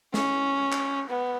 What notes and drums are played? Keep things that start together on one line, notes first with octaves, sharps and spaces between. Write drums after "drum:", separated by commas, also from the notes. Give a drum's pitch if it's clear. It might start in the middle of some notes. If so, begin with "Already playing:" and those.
C#4, drum: snare
drum: clap
B3